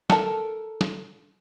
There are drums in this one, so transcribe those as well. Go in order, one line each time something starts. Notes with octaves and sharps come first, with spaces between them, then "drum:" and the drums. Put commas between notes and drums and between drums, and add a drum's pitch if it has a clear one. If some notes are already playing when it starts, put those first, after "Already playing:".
A4 A#4 A5, drum: snare
drum: snare